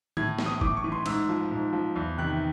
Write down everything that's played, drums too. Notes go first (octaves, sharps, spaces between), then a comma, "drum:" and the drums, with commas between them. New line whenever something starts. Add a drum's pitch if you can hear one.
A2 G#6, drum: tom D3
E3, drum: snare
D#6
A2 D6, drum: kick G1
C#6
E3
C6
G#2 E6, drum: cymbal
F3
G#2
F3
E2
C3 D#3 F#6